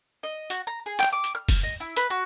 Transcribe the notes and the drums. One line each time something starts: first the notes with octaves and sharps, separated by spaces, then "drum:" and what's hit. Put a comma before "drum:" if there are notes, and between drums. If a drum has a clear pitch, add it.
D#5
F#4, drum: hi-hat
A#5
G#4
G5, drum: clap
D6
drum: hi-hat
F6
drum: kick, open hi-hat
D#5
E4
B4, drum: hi-hat
F#4